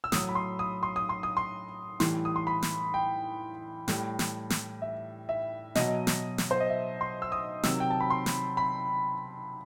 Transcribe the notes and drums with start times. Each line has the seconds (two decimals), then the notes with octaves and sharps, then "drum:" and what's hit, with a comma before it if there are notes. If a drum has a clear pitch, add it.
0.04 E6
0.12 A2 F#3 D#6, drum: snare
0.29 B5
0.35 C6
0.59 D#6
0.83 C6
0.96 D#6
1.09 C6
1.23 D#6
1.37 C6
2.00 A2 E3 G3 C6, drum: snare
2.25 D#6
2.36 C6
2.47 B5
2.62 drum: snare
2.94 G5
3.88 A2 G3, drum: snare
4.19 drum: snare
4.50 drum: snare
4.82 E5
5.29 E5
5.75 B2 F#3 D#5, drum: snare
6.07 drum: snare
6.38 drum: snare
6.51 C5
6.60 D#5
6.70 E5
7.01 C6
7.22 E6
7.32 D#6
7.63 C3 D#3 F#3 E6, drum: snare
7.80 G5
7.90 A5
8.00 B5
8.10 C6
8.26 drum: snare
8.57 B5